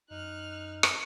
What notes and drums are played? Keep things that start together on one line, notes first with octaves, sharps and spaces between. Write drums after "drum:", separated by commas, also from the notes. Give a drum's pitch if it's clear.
F#2 D#4 F6 F#6
drum: rim click